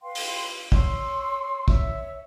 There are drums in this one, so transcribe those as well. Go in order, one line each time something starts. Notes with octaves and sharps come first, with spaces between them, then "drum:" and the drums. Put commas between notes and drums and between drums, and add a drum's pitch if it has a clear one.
B4 F5 G5 C6
drum: open hi-hat
C#5 C6 C#6 E6, drum: kick
C#5 E5, drum: kick